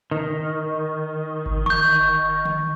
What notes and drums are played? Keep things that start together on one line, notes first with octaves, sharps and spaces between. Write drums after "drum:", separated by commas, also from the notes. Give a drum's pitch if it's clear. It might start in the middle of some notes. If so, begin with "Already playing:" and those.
D#3
drum: kick G1
C#6 G6, drum: tom D3
drum: tom D3